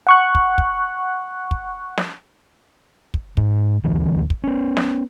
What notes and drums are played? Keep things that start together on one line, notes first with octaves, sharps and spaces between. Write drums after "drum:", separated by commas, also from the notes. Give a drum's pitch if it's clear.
F#5 C#6 F#6
drum: kick
drum: kick
drum: kick
drum: snare
drum: kick
G#2, drum: kick
D#1 D2 E3 F#3
drum: kick
B3 C#4
drum: snare